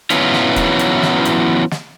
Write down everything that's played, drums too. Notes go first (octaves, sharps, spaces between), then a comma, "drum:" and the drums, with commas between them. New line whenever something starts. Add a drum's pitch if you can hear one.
E3 F#3 B3 C#4 E4 F4, drum: hi-hat
drum: snare
drum: kick E1, hi-hat
drum: hi-hat
drum: snare
drum: hi-hat
drum: snare